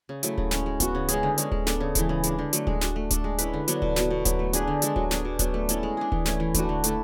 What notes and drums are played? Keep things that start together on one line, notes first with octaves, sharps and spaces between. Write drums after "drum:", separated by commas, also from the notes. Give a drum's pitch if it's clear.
C#3
F#3 A3 E4, drum: hi-hat
C#3, drum: kick D1
G#3 C#4, drum: snare
G#3
B3 F#4, drum: kick D1, hi-hat
C#3
G#3 C#4 G#4, drum: hi-hat
D3
G#3 C#4, drum: hi-hat
G#3, drum: kick D1
B3 D4 A4, drum: snare
C#3
E3 G#3, drum: kick D1, hi-hat
C#3
G#3 D4, drum: hi-hat
D3
F#3 A3, drum: hi-hat
G#3, drum: kick D1
D4 F#4, drum: snare
A3
D4 A4, drum: kick D1, hi-hat
G#3
C#4 E4 B4, drum: hi-hat
D3
F#3 B3 D4, drum: hi-hat
B2, drum: kick D1
F#3 B3 F#4, drum: snare
B2
F#3 B3, drum: kick D1, hi-hat
A3
D4 G#4 B4, drum: hi-hat
D3
G#3 D4 A4, drum: hi-hat
F#3, drum: kick D1
B3 D4 G#4, drum: snare
B2
F#3 B3 D4, drum: kick D1, hi-hat
A3
C#4 E4 A4, drum: hi-hat
G#3
D4 G#4
E3, drum: kick D1
A3 C#4 E4, drum: snare
E3
A3 D4 F#4, drum: kick D1, hi-hat
D3
A3 E4 A4, drum: hi-hat